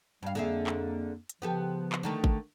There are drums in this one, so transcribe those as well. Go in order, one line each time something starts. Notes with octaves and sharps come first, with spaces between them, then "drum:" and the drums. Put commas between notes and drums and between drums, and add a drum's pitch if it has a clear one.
G2 G3 F5
F2 D3 A#3 G#4 E5
drum: clap
drum: hi-hat
C#3 F3 B3 G4 A4
drum: clap
D3 D#3 A3
drum: kick G#1